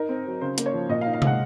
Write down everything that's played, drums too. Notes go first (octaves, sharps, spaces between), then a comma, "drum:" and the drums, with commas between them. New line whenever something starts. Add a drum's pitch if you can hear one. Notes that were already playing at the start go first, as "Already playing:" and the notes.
Already playing: D#4 A#4
C4
F#3
C#3 C5
A#3, drum: hi-hat
C#5
F3
A#2 D#5
F5
D#4
F5
G#3 F#5, drum: tom C3